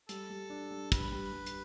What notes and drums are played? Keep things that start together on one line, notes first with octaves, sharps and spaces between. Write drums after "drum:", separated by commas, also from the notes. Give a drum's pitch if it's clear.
G3 A4, drum: hi-hat
G3
D4
G3
G3 B4, drum: kick, hi-hat
G3
G3
drum: hi-hat